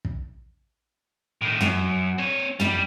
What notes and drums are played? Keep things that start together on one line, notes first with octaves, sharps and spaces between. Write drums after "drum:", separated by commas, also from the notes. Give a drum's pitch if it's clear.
drum: kick
A2 D#3
F#2, drum: tom
C4 C#5
G3, drum: tom